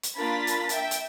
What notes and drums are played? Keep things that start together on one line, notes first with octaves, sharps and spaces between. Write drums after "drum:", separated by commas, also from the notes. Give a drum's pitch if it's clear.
drum: hi-hat
A#3 D4 F4 B5 A6 B6
drum: hi-hat
E5 G5, drum: hi-hat
drum: hi-hat